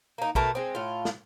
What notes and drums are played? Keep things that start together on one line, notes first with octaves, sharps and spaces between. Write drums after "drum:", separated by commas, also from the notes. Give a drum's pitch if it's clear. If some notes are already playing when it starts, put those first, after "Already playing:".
A#3 D#4
B2 A3 A#4 A5, drum: kick
G#3 C4
A2 F4
drum: snare